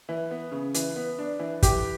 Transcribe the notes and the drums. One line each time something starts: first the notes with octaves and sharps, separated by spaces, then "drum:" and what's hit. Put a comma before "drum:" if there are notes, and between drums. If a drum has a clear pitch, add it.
E3
B3
C#3
E3, drum: hi-hat
B3
D4
E3
E3 G4, drum: kick, hi-hat